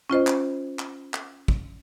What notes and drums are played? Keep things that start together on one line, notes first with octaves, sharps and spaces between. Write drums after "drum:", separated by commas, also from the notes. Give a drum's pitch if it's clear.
C#4 F4 C5 D#5
drum: clap
drum: clap
drum: clap
drum: kick